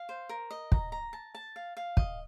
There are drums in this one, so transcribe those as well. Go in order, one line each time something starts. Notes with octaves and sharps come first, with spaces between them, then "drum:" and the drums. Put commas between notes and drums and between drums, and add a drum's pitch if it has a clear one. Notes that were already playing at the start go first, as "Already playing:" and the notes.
Already playing: F5
C5
A#4
D#5
A#5, drum: kick
A#5
A5
A5
F5
F5
D#5, drum: kick